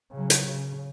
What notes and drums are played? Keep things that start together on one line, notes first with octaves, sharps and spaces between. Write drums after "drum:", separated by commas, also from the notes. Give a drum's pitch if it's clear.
C#3 F#3
drum: hi-hat
C#3